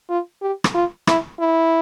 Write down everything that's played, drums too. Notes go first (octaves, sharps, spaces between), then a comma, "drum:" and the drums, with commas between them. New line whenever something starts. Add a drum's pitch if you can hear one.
F4
G4
drum: rim click
F4
E4, drum: rim click
E4